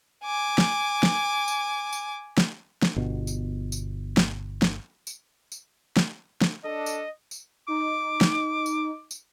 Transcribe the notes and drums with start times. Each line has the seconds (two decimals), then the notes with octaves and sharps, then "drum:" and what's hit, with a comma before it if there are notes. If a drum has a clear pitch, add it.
0.25 G#5 D6
0.58 drum: snare
1.03 drum: snare
1.48 drum: tambourine
1.93 drum: tambourine
2.38 drum: snare
2.82 drum: snare
2.96 G1 B2
3.27 drum: tambourine
3.72 drum: tambourine
4.17 drum: snare
4.62 drum: snare
5.07 drum: tambourine
5.52 drum: tambourine
5.97 drum: snare
6.41 drum: snare
6.64 D4 A4 D#5
6.86 drum: tambourine
7.31 drum: tambourine
7.68 D#4 D6
8.21 drum: snare
8.66 drum: tambourine
9.11 drum: tambourine